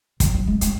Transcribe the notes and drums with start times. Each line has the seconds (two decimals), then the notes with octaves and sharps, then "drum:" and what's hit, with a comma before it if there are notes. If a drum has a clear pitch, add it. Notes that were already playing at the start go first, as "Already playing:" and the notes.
0.20 F3, drum: kick, hi-hat
0.34 F#3
0.47 G#3
0.61 G#3, drum: hi-hat